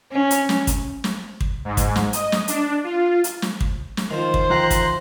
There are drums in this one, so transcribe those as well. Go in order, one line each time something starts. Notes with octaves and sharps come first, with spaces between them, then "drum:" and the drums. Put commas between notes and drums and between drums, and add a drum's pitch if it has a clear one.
C#4
drum: hi-hat
drum: snare
drum: kick, hi-hat
drum: snare
drum: kick
G#2
drum: kick, hi-hat
drum: snare
D#5, drum: hi-hat
drum: snare
D4, drum: hi-hat
F4
drum: hi-hat
drum: snare
drum: kick
drum: snare
D#3 F3 C5
drum: kick
E3 F4 G5 A#5 C6 F#6
drum: kick, hi-hat